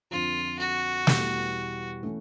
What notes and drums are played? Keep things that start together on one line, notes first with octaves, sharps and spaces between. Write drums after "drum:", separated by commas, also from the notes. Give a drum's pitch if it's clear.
F2 D3 F3 F4
F#4
E2 B2 G3 B3, drum: snare
E3 A3 C#4